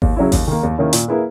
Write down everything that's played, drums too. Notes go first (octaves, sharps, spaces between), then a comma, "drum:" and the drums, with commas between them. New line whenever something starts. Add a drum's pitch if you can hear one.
D#2, drum: kick G#1
C#3 F#3 C#4 E4
D#2, drum: kick G#1, open hi-hat
D#3 A#3
D#2
D#3 A#3 C#4 E4
A#2, drum: hi-hat
A#3 E4 G#4 B4